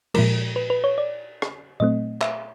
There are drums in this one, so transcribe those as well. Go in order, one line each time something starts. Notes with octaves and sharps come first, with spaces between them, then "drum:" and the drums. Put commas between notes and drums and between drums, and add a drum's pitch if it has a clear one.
A#2 F3 G#3 A#4, drum: cymbal
B4
B4
C#5
D5
drum: rim click
A#2 F#3 A3 C4 D#5
E5, drum: clap